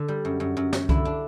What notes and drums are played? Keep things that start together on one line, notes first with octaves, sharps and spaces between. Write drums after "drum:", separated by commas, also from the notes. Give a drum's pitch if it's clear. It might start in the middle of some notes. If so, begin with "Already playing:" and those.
Already playing: D3 A4
G3
F#2
F#2
F#2
F#2, drum: snare
D3 E4, drum: kick C2
D4